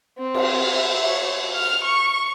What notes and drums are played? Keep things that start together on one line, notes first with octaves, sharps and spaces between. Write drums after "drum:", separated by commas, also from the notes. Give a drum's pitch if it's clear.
C4
drum: cymbal
E5
C#5
F6
C#6